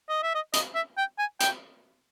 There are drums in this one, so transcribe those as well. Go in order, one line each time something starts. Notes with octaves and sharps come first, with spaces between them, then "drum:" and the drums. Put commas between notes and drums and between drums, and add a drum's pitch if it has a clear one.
D#5
E5
D#5
D#5, drum: hi-hat
E5
G5
G#5
G5, drum: hi-hat